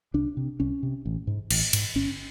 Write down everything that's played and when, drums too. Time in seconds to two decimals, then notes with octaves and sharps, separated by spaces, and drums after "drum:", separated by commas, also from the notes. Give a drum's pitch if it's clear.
0.14 C2 D4
0.37 C3
0.60 C2 C#4
0.83 C3
1.06 A1
1.27 G#2
1.51 A1, drum: cymbal
1.73 G#2, drum: cymbal
1.95 G1 C#4